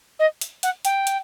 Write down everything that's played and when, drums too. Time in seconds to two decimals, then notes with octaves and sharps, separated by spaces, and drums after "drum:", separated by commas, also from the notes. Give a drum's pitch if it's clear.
0.19 D#5
0.41 drum: hi-hat
0.63 F#5, drum: hi-hat
0.85 G5, drum: hi-hat
1.07 drum: hi-hat